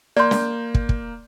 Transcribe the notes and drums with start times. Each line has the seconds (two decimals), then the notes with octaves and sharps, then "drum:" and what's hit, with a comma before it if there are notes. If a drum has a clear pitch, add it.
0.17 A#3 D5 C6 G6
0.31 drum: snare
0.74 drum: kick
0.89 drum: kick